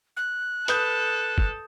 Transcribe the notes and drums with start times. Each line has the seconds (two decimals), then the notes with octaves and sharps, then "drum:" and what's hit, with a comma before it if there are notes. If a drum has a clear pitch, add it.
0.17 F#6
0.68 A4 B4 D#6 G6, drum: hi-hat
1.38 drum: kick